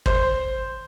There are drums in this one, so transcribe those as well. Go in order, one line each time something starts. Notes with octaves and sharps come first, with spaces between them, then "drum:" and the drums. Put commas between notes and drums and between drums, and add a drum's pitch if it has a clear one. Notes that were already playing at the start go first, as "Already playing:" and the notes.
C5, drum: kick